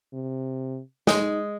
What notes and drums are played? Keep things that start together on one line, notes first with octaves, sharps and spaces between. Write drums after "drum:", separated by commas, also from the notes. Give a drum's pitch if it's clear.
C3
G#3 D#4, drum: snare